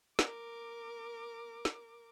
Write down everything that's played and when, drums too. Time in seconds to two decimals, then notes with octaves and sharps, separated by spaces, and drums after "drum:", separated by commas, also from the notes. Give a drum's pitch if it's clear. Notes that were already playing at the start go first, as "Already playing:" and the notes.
0.19 A#4 D6, drum: snare
1.65 drum: snare